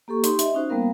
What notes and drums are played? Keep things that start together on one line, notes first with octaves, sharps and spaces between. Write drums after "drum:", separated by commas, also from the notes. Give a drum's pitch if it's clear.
A#3 G4 A4 C#6
D#4 G4 C6, drum: hi-hat
D#5 E5, drum: hi-hat
C#4 D#4 F#4 C5
G3 A#3 B3 A#4 F5